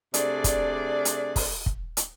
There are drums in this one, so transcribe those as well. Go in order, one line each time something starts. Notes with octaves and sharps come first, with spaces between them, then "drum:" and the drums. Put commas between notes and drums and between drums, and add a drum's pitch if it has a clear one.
C3 A3 D4 G#4 D5, drum: hi-hat
drum: kick, hi-hat
drum: hi-hat
drum: kick, open hi-hat
drum: kick
drum: hi-hat